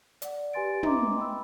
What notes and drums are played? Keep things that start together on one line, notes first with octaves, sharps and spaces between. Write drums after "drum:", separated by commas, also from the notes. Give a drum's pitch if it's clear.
D5 F#5, drum: hi-hat
G4 B4 G#5 C6 A6 D7
B4 D#5 E5 A#5 C6 D6, drum: tom
G5 B5 E6